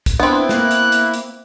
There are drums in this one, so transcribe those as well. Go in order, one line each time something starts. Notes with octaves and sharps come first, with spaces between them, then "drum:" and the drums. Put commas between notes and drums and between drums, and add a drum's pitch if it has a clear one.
drum: kick, hi-hat
B3 C4 D4 E4
A#3 F#6, drum: snare
drum: hi-hat
drum: hi-hat
drum: hi-hat